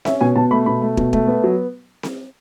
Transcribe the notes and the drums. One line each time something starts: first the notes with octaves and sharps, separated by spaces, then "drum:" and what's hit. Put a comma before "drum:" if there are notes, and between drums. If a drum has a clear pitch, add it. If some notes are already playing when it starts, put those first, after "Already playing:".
C#4 E5, drum: snare C4
B2 G#5
B2 A5
A3 B5
B2 B5
A3
B2, drum: kick
A3, drum: kick
B3
F#3
drum: snare C4